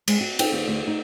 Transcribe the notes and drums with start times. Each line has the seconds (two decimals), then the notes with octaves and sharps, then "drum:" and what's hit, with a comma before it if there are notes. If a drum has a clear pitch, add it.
0.08 G#3, drum: cymbal
0.21 F#4
0.39 G5, drum: cymbal
0.52 D#2
0.68 D2
0.88 D#4